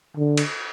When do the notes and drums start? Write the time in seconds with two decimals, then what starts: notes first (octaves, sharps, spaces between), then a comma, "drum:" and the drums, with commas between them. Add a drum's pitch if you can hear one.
0.16 D3
0.37 drum: cymbal